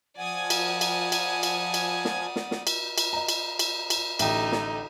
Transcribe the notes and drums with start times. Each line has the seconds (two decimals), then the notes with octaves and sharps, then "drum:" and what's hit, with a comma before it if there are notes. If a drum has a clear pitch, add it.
0.17 F3 D5 F#5 G#5 D#6 G#6
0.50 drum: cymbal
0.81 drum: cymbal
1.12 drum: cymbal
1.43 drum: cymbal
1.74 drum: cymbal
2.05 drum: snare
2.36 drum: snare
2.51 drum: snare
2.67 drum: cymbal
2.98 drum: cymbal
3.13 D#5 A#5
3.28 drum: cymbal
3.59 drum: cymbal
3.90 drum: cymbal
4.19 A1 D3 D#4 E5 G5, drum: cymbal
4.52 drum: snare